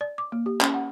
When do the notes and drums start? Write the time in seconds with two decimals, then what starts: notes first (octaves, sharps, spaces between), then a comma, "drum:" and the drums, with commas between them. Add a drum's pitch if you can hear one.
0.01 D5
0.18 D6
0.32 A#3
0.46 G4
0.61 C#4, drum: clap
0.74 F#5